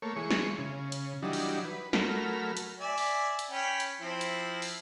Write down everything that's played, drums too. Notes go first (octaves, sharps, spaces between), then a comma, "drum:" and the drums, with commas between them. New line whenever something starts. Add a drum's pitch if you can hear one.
A3 A#3 C#5
E3 G#3 C#6
drum: snare
C#3
drum: hi-hat
E3 F#3 G3 D4 D#4
drum: open hi-hat
B4
F#3 A3 A#4 B5 F6, drum: snare
drum: hi-hat
D5 E5 G#5
drum: open hi-hat
drum: hi-hat
C#4 G5 B5
drum: hi-hat
F3 C4 E4
drum: hi-hat
drum: open hi-hat